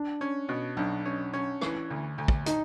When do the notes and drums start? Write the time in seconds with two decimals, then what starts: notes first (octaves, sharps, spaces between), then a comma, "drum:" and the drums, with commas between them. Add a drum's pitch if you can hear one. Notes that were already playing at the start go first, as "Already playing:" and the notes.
Already playing: D4
0.21 C#4
0.49 B2
0.77 B1 D4
1.05 C#4
1.33 C#4
1.61 E3, drum: rim click
1.90 D2
2.18 D2
2.28 drum: kick
2.46 D#4, drum: hi-hat